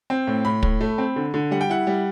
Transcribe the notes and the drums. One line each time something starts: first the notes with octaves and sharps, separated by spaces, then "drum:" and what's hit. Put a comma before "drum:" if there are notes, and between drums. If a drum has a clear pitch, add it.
C4
A2
A2 B5
A2, drum: kick
A3
C4
D3
D3
G3 F#5
G5
E4 F#5
G3